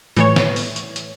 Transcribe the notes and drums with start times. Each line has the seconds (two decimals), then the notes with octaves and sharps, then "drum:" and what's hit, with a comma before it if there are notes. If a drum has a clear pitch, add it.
0.16 A2 E3 C#5, drum: hi-hat
0.36 drum: snare
0.56 drum: open hi-hat
0.76 drum: hi-hat
0.96 drum: hi-hat